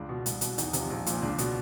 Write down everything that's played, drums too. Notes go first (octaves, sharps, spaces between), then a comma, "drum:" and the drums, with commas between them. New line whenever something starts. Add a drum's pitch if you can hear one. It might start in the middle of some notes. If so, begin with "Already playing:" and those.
Already playing: C#2 D4
B2
C2, drum: hi-hat
B2, drum: hi-hat
E2 D#4, drum: hi-hat
C3 F3, drum: hi-hat
A#1
A#2 F3, drum: hi-hat
C#2 D4
B2, drum: hi-hat